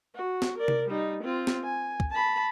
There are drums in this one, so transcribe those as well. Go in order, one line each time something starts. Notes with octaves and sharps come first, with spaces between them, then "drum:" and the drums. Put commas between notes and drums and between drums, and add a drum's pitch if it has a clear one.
F#4
drum: snare
A#4 D5
drum: tom C3
G3 D#4
C4 F4
drum: snare
G#5
drum: kick
A5 B5